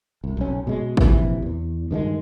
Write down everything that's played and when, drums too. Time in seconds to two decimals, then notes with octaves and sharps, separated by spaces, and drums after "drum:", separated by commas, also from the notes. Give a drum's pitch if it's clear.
0.24 C2
0.37 B1 C#4
0.67 B2 G#3
0.97 A#1 C3 E3, drum: kick
1.42 E2
1.91 G2 D#3 E3 G#3